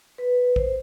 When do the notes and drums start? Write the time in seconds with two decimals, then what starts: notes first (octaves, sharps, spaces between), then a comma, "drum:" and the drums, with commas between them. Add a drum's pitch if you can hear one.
0.18 B4
0.56 C5, drum: kick